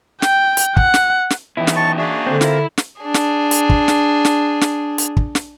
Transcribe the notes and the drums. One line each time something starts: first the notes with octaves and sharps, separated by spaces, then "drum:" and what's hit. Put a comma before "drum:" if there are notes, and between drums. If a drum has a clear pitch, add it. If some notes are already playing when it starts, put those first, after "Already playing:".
G5, drum: snare
drum: hi-hat
F#5, drum: kick
drum: snare
drum: snare
B2 D#3 E3 E4
drum: snare
A5 C#6
A#3 D4 F#4 G#4 E5
D3 C4
E4 F4 A#4 E5, drum: snare
drum: snare
D4 G#4
drum: snare
drum: hi-hat
drum: kick
drum: snare
drum: snare
drum: snare
drum: hi-hat
drum: kick
drum: snare